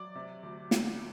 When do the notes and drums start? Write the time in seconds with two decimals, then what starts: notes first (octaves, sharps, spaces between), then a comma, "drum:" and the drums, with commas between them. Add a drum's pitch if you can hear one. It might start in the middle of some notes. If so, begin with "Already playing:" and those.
Already playing: F#3 D5 D6
0.15 C3
0.43 D2
0.71 D2, drum: snare